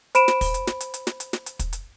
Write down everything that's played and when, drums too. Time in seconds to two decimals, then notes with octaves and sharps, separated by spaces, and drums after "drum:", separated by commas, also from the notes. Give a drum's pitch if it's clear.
0.15 C5 B5 D7 E7, drum: hi-hat
0.28 drum: snare
0.41 drum: kick, open hi-hat
0.54 drum: hi-hat
0.67 drum: snare
0.80 drum: hi-hat
0.94 drum: hi-hat
1.07 drum: snare
1.20 drum: hi-hat
1.33 drum: snare
1.46 drum: hi-hat
1.59 drum: kick, hi-hat
1.73 drum: hi-hat